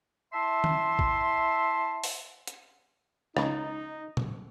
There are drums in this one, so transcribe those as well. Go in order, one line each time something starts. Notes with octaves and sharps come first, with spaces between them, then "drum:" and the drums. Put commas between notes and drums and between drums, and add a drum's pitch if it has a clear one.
E4 E5 A5 C6
drum: tom D#3
drum: kick A1
drum: open hi-hat
drum: hi-hat
C#2 D#4, drum: rim click
drum: tom A#2